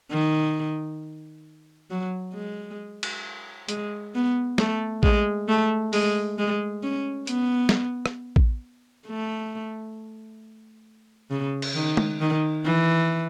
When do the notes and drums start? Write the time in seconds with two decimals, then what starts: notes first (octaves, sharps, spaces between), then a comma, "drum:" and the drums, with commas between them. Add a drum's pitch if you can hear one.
0.11 D#3
1.90 F#3
2.34 G#3
3.03 drum: cymbal
3.68 G#3, drum: hi-hat
4.14 B3
4.58 A3, drum: snare
5.03 G#3, drum: kick A1
5.48 A3
5.93 G#3, drum: open hi-hat
6.38 G#3
6.83 C#4
7.27 B3, drum: hi-hat
7.69 drum: snare
8.06 drum: rim click
8.36 drum: kick A1
9.07 A3
11.31 C#3
11.62 drum: cymbal
11.75 D#3
11.97 drum: tom
12.20 D#3
12.65 E3